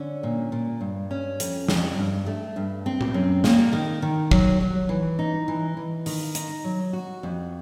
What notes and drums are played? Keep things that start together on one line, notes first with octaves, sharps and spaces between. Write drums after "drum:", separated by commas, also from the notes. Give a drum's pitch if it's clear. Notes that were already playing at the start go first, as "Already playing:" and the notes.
Already playing: D3 C#4
A#2
A#2
G2
C#4
F2, drum: hi-hat
F2, drum: snare
G2
A3
G2
C4
drum: tom A2
F#2
A#3, drum: snare
D#3
D#3
F#3, drum: kick
F#3
E3
D#4
E3
E3
D#3, drum: open hi-hat
D#4, drum: hi-hat
F#3
F#4
F2